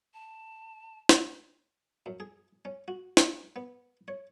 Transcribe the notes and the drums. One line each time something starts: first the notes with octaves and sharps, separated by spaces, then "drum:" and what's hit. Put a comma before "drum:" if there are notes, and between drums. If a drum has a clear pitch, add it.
A5
drum: snare
F#2
G#4
C#4
F#4
drum: snare
B3
C#5